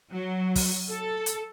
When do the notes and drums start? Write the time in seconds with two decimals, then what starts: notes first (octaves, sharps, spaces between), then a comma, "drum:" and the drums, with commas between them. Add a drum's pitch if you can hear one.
0.12 F#3
0.55 drum: kick, open hi-hat
0.91 A4
1.26 drum: hi-hat